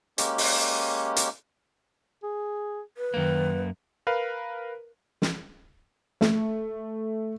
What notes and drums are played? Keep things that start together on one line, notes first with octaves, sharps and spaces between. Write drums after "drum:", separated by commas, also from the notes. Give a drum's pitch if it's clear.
G#3 A#3 C#4 G4, drum: hi-hat
drum: open hi-hat
drum: hi-hat
G#4
B4
F#2 D#3 A#3
A#4 B4 F5
drum: snare
A3, drum: snare